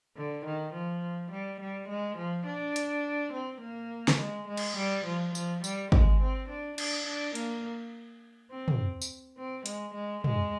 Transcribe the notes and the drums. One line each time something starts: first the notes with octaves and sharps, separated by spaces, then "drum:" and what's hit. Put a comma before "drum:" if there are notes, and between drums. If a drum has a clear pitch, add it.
D3
D#3
F3
G3
G3
G#3
F3
D4
drum: hi-hat
C4
A#3
drum: snare
G#3
G#3
drum: cymbal
G3
F3
F3, drum: tambourine
G3, drum: tambourine
G#3, drum: kick
C4
D4
D4, drum: cymbal
D4
A#3, drum: hi-hat
C4
drum: tom
drum: tambourine
C4
G#3, drum: hi-hat
G#3
G#3, drum: tom